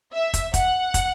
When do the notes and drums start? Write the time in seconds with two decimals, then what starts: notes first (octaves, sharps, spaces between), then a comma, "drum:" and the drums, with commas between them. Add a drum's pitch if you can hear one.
0.13 E5
0.34 drum: kick, hi-hat
0.54 F#5, drum: kick, hi-hat
0.94 drum: kick, hi-hat